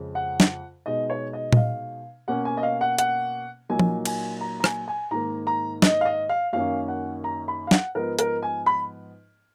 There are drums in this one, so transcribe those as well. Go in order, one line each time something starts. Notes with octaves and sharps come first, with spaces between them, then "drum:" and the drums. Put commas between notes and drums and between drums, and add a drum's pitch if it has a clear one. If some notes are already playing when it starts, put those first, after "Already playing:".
Already playing: F2 C#3 G#3
F#5
drum: snare
B2 G#3 D#4 D#5
C#5
D#5
D#5, drum: tom A#2
F5
B2 A#3 C#4 F#5
G#5
D#5
F5
F#5
F#5, drum: hi-hat
A#2 F#3 A#3 D#4 G#5
drum: tom F3
G#5, drum: cymbal
A#5
A#5
G#5, drum: rim click
G#5
G#2 D#3 A#3 A#5
A#5
D#5, drum: snare
F5
D#5
F5
F#2 D#3 A#3 C#4 F5
F#5
A#5
B5
F5
F#5, drum: snare
G#2 F3 B3 D#4 A#4
A#4, drum: hi-hat
G#5
B5